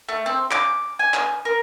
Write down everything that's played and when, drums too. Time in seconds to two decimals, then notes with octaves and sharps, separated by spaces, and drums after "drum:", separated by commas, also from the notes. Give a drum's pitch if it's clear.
0.09 A3
0.26 C4
0.51 D6, drum: clap
0.99 G#5
1.14 drum: clap
1.45 A#4